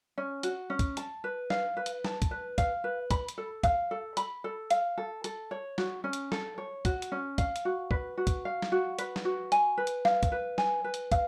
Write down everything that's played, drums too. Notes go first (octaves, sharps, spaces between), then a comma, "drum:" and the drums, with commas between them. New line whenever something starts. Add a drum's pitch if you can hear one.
C#4
F#4, drum: hi-hat
C#4
drum: kick, hi-hat
A5, drum: hi-hat
B4
F5, drum: snare
B4
drum: hi-hat
A5, drum: snare
drum: kick, hi-hat
B4
F5, drum: kick, hi-hat
B4
B5, drum: kick, hi-hat
drum: hi-hat
A4
F5, drum: kick, hi-hat
A4
B5, drum: hi-hat
A4
F5, drum: hi-hat
A4
A4, drum: hi-hat
C#5
F#4, drum: snare
C#4
drum: hi-hat
A4, drum: snare
C#5
F#4, drum: kick, hi-hat
drum: hi-hat
C#4
F5, drum: kick, hi-hat
drum: hi-hat
F#4
B4, drum: kick
F#4
drum: kick, hi-hat
F5
drum: snare
F#4
B4, drum: hi-hat
drum: snare
F#4
G#5, drum: hi-hat
B4
drum: hi-hat
F5, drum: snare
drum: kick, hi-hat
B4
G#5, drum: snare
B4
drum: hi-hat
F5, drum: kick, hi-hat